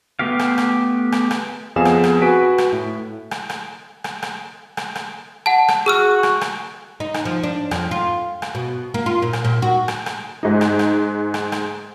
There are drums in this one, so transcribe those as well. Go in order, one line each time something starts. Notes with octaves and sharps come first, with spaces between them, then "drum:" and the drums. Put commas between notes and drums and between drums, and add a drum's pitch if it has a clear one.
A3 B3 G4 F5
drum: rim click
drum: rim click
drum: rim click
drum: rim click
F2 B3 G#4 F5 G#5 E7
drum: rim click
drum: rim click
F#4 B4 G#5 B6 D7
drum: rim click
A2
drum: rim click
drum: rim click
drum: rim click
drum: rim click
drum: rim click
drum: rim click
F#5 A5
drum: rim click
F#4 G#4 E6 F6
drum: rim click
drum: rim click
D#4
drum: rim click
F3
D4
F2, drum: rim click
F4
drum: rim click
B2
A#3
F4
A#2
drum: rim click
A#2
F#4
drum: rim click
drum: rim click
G#2 D#4
drum: rim click
drum: rim click
drum: rim click
drum: rim click